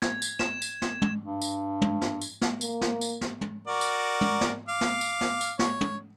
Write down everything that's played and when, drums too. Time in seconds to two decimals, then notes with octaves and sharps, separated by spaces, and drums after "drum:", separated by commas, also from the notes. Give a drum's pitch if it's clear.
0.02 G#6, drum: snare
0.22 drum: tambourine
0.39 E7, drum: snare
0.62 drum: tambourine
0.82 drum: snare
1.02 drum: tom
1.24 G2
1.42 drum: tambourine
1.82 drum: tom
2.01 drum: snare
2.21 drum: tambourine
2.41 drum: snare
2.61 A#3, drum: tambourine
2.81 drum: snare
3.01 drum: tambourine
3.21 drum: snare
3.41 drum: tom
3.67 F#4 A#4 D5
3.81 drum: tambourine
4.21 drum: tom
4.41 drum: snare
4.68 F5 D6
4.81 drum: snare
5.01 drum: tambourine
5.21 drum: snare
5.41 drum: tambourine
5.59 C#5, drum: snare
5.81 drum: tom